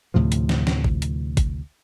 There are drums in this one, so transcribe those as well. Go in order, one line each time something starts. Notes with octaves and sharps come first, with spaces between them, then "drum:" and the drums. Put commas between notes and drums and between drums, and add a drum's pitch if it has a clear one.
D2 A2 C3 F3
drum: hi-hat
drum: snare
drum: snare
drum: kick G#1
drum: hi-hat
drum: kick G#1, hi-hat